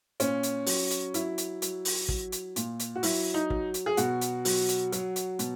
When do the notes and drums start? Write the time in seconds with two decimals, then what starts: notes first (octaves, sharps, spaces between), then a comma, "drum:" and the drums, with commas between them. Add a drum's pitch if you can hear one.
0.20 A#2 C#4, drum: hi-hat
0.43 drum: hi-hat
0.66 F#3, drum: open hi-hat
0.90 drum: hi-hat
1.14 F#3 E4, drum: hi-hat
1.38 drum: hi-hat
1.62 F#3, drum: hi-hat
1.85 drum: open hi-hat
2.09 F#3, drum: kick
2.32 drum: hi-hat
2.56 A#2, drum: hi-hat
2.79 drum: hi-hat
2.95 F#4
3.03 F#3 E4, drum: open hi-hat
3.34 D#4
3.50 F#3, drum: kick
3.74 drum: hi-hat
3.86 G#4
3.97 B2 F#4, drum: hi-hat
4.21 drum: hi-hat
4.45 F#3, drum: open hi-hat
4.69 drum: hi-hat
4.92 F#3, drum: hi-hat
5.16 drum: hi-hat
5.39 B2, drum: hi-hat